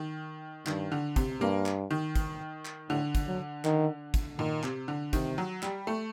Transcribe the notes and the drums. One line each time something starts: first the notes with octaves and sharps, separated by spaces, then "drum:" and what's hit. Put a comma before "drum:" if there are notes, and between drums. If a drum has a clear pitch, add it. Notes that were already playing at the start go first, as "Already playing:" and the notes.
Already playing: D#3
G2 D#3, drum: clap
D3
C3, drum: kick, hi-hat
G2 A#3
drum: clap
D#3
drum: kick, hi-hat
drum: clap
A2 D3
drum: kick, hi-hat
F#3
D#3, drum: clap
drum: kick, hi-hat
A#2 D#3
C3, drum: clap
D3
C3 D#3, drum: kick, hi-hat
F#3
G3, drum: clap
A3